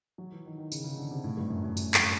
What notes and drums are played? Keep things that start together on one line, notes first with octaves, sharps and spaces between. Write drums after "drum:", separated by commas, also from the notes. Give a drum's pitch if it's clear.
F#3
E3
D#3
D#3
C#3, drum: tambourine
C#3
D3
C3
A2
G2
F#2
F#2
F#2, drum: tambourine
G2, drum: clap